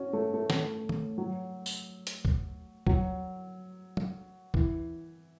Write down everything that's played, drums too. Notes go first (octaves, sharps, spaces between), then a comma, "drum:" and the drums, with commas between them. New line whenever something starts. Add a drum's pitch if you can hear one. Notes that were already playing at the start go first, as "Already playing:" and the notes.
Already playing: C#4 F#4
A3
A3
drum: snare
drum: tom
F#3
drum: tambourine
drum: hi-hat
drum: kick
F#3, drum: kick
drum: tom
E3, drum: kick